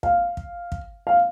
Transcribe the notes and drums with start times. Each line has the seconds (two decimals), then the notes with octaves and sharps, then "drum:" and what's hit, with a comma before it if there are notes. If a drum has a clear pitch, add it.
0.03 F5, drum: kick
0.37 drum: kick
0.72 drum: kick
1.07 F5